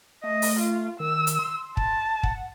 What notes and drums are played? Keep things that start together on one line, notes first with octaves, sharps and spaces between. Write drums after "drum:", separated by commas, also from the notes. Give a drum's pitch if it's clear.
A3 D#5
drum: open hi-hat
F4
D#3 E6
drum: hi-hat
C6
A5, drum: kick
F#5, drum: kick